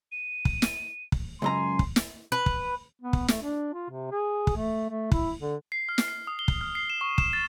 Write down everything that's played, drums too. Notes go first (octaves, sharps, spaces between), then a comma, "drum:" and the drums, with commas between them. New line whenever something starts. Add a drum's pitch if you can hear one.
D#7
drum: kick
drum: snare
drum: kick
C#2 F#2 G#5 A#5 C6
drum: kick
drum: snare
B4
drum: kick
B3
drum: kick
A3, drum: snare
D4
F4
C3
G#4
drum: kick
A3
A3
E4, drum: kick
D3
C7
F6
drum: snare
C7
D#6
G7
drum: kick
F6
C7
E7
C#6
E7, drum: kick
A6